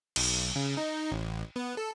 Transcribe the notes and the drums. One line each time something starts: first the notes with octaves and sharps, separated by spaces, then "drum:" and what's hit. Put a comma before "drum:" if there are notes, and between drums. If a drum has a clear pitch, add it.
B1, drum: cymbal
C#3
D#4
A1
B3
A4